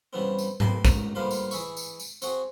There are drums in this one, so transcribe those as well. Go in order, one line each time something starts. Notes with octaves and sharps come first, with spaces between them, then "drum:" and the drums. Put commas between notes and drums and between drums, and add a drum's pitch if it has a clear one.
G2 C#3 E3 B3 C4
drum: tambourine
B4 D5 G5 C6, drum: tom G#2
C#2 D#3 A#5, drum: kick, tambourine
D3 G3 A#3 F4 B4 C5
drum: tambourine
E3 G#4 E5 C#6, drum: tambourine
drum: tambourine
drum: tambourine
C4 F#4 G#4, drum: tambourine